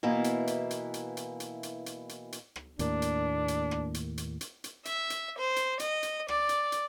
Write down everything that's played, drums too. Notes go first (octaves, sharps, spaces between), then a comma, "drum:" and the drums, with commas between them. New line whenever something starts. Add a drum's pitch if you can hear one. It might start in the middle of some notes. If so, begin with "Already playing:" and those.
B2 E3 A#3 E4
drum: hi-hat
drum: hi-hat
drum: hi-hat
drum: hi-hat
drum: hi-hat
drum: hi-hat
drum: hi-hat
drum: hi-hat
drum: hi-hat
drum: hi-hat
drum: rim click
D#2 A2 A#3 D4, drum: hi-hat
drum: hi-hat
drum: hi-hat
drum: rim click
drum: hi-hat
drum: hi-hat
drum: hi-hat
drum: hi-hat
E5, drum: hi-hat
drum: hi-hat
C5
drum: hi-hat
D#5, drum: hi-hat
drum: hi-hat
D5, drum: rim click
drum: hi-hat
drum: hi-hat